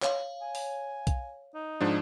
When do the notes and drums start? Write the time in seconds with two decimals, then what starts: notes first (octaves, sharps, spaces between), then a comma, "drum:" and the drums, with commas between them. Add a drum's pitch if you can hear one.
0.03 C#5 F5, drum: clap
0.42 G#5
0.55 drum: open hi-hat
1.07 drum: kick B1, hi-hat
1.55 D#4
1.81 G#2 F3 D4